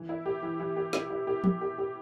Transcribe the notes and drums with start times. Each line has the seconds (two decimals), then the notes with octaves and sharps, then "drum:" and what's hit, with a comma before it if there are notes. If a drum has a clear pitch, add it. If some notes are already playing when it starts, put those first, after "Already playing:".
Already playing: E3
0.09 E4
0.26 G4
0.42 E3
0.60 E3
0.76 G4
0.93 E4, drum: snare
1.10 E4
1.27 G4
1.44 G4, drum: tom
1.61 G4
1.78 G4